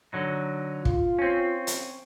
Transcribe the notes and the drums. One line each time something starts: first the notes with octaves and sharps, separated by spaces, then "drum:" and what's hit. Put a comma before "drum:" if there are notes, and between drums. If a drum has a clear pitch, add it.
D3 F#3 D#4
F4, drum: kick
C4 C#4
drum: hi-hat